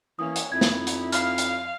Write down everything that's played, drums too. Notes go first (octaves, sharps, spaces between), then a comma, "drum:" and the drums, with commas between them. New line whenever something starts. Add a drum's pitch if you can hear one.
E3 A#3 C#4 D#6
drum: hi-hat
F2 D#4 E4 G#6
drum: snare
drum: hi-hat
F5 F6, drum: hi-hat
drum: hi-hat